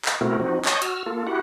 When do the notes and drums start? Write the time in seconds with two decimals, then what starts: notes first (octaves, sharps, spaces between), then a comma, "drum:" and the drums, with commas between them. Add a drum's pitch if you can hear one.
0.05 drum: clap
0.21 B2 A3 C4 E4 F#4 A#4
0.40 F3 C4 D#4 F#4
0.65 C#5 D#5 A5 C#6 D#6 G6, drum: clap
0.82 F#4 E6 F6, drum: hi-hat
1.06 A#3 F4 A4
1.27 E4 F#4 G4 F#5